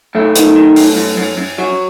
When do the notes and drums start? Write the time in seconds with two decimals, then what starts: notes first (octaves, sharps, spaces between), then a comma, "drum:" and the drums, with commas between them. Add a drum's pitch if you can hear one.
0.15 F#2 A3
0.35 D#3, drum: hi-hat
0.56 D#3
0.76 F#2, drum: open hi-hat
0.96 F#2
1.17 F#2
1.38 F#2
1.58 F#3